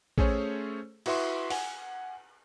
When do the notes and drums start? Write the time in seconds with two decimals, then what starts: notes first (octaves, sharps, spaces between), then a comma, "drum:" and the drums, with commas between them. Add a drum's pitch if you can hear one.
0.18 A3 C#4 G#4 A4 C5 C#5, drum: kick
1.06 E4 F#4 B4 E5 C6 C#6, drum: cymbal
1.50 F#5 G#5, drum: open hi-hat